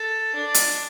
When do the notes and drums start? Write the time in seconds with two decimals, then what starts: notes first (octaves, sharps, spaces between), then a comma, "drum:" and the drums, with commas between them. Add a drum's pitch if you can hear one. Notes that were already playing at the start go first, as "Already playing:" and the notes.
Already playing: A4
0.35 D4
0.54 drum: hi-hat